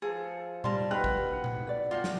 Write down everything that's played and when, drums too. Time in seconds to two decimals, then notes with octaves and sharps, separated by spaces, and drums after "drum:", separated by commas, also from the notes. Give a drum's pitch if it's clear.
0.02 F3 G#4 A4
0.64 G3 A#4 A5 C6, drum: tom A#2
0.91 B2 D#4 G4 F5 B5 F#6
1.04 drum: kick
1.33 F#5
1.44 drum: tom A#2
1.67 B4 D5
1.91 G3 D4 F4 F#4 F5 G5
2.04 drum: snare